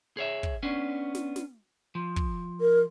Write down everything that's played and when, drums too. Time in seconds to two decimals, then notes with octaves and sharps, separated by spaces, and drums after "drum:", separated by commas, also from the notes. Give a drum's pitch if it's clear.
0.17 G#4 C#5 E5
0.43 drum: kick
0.63 B3 C#4 D4
1.15 drum: snare
1.36 drum: snare
1.95 F3
2.16 drum: kick
2.61 A#4